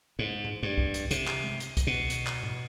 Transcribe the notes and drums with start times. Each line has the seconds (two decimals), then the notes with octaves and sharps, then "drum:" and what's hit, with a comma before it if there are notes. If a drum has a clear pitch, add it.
0.19 G#2
0.44 drum: tom G#2
0.63 G2
0.78 drum: kick
0.94 drum: hi-hat
1.11 C3, drum: hi-hat
1.27 drum: clap
1.44 drum: tom G#3
1.60 drum: hi-hat
1.77 drum: kick, hi-hat
1.87 B2
2.10 drum: hi-hat
2.26 drum: clap
2.43 drum: tom G#2